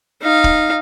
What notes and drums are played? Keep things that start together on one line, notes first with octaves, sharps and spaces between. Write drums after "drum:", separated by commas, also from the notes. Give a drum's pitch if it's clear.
D#4 F5
drum: kick